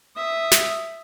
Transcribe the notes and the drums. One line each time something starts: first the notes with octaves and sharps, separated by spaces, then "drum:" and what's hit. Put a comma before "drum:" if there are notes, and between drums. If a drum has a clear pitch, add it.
E5 D#6
drum: snare